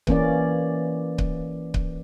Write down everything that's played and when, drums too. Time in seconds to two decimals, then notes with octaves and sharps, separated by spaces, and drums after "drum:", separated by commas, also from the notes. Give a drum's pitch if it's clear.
0.07 E3 A#3 C#4 D5, drum: kick C#1
1.18 drum: kick C#1
1.74 drum: kick C#1